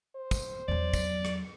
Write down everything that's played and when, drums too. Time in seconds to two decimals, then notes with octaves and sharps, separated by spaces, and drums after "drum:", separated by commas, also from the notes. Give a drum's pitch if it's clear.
0.16 C5
0.31 drum: kick, tambourine
0.68 E2 F#3 D5
0.94 drum: kick, tambourine
1.25 drum: rim click